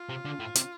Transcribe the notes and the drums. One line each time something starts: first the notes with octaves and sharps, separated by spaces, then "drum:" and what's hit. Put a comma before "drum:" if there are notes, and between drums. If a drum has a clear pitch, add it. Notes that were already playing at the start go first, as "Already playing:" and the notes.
Already playing: F4
C3
D3
A2
C3, drum: hi-hat